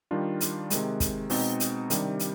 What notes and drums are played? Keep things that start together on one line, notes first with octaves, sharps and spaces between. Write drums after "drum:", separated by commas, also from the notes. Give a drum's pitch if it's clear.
D#3 G3 D4 F4
drum: hi-hat
C3 D#3 G#3, drum: hi-hat
drum: kick, hi-hat
B2 G#3 C4 D#4, drum: open hi-hat
drum: hi-hat
C3 D#3 G3 D4 G4, drum: hi-hat
drum: hi-hat